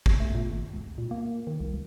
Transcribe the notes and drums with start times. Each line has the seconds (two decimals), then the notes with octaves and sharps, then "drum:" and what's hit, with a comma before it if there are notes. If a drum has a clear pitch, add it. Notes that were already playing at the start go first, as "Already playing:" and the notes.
0.06 A#1, drum: kick G#1
0.20 A3
0.34 A#2
0.52 G#1
0.73 C#2
0.98 A#2
1.11 A#3
1.47 D#3
1.60 C2
1.74 C#2